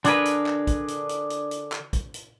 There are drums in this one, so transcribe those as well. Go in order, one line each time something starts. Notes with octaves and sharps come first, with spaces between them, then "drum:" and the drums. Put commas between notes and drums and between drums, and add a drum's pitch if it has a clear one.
D3 D4 G#4 A#4 B4, drum: hi-hat
drum: hi-hat
drum: clap
drum: kick, hi-hat
drum: hi-hat
drum: hi-hat
drum: hi-hat
drum: hi-hat
drum: clap
drum: kick, hi-hat
drum: hi-hat